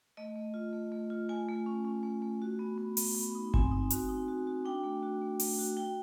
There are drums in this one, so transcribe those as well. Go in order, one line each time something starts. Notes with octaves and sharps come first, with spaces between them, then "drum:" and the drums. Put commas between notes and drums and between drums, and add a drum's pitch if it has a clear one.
A3 D#5
A3
F4
A3
A3
F4
A3 G#5
A3
C#4
C#4
A3
A3
F#4
B3
B3
B3, drum: open hi-hat
B3
D#4
C4 G#5, drum: kick G1
D#4
F#4, drum: hi-hat
D#4
F#4
F#4
D4 G5
A3
F#4
A3
A3, drum: open hi-hat
F#4
F#4 G5